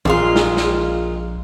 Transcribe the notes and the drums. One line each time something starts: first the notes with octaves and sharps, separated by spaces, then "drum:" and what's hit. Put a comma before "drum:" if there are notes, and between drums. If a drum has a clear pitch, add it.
A#1 A#2 G#3 F4, drum: tom
drum: snare
drum: snare